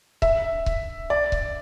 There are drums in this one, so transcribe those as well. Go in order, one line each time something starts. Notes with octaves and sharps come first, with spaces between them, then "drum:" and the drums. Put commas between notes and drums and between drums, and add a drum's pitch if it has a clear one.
E5, drum: kick C#1
drum: kick C#1
D5
drum: kick C#1